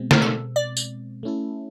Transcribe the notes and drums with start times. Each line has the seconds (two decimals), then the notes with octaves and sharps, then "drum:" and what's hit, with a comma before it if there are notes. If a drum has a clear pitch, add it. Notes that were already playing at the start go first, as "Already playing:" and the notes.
Already playing: B2 G#3 C4
0.11 A#4, drum: snare
0.22 A4
0.56 D5
0.77 drum: tambourine
1.23 A3 C#4 E4 A4